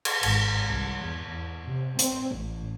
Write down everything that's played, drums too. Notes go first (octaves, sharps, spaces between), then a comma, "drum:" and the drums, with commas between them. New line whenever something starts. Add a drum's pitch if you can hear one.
drum: cymbal
G#1, drum: cymbal
C2
E2
E2
C3
C4, drum: hi-hat
A1